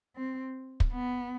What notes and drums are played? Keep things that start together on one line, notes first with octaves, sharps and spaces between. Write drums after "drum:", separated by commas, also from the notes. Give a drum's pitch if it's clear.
C4
drum: kick
B3